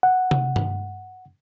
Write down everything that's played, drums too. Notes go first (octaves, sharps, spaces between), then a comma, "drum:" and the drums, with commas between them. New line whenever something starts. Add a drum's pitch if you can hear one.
F#5
drum: tom C3
drum: tom G2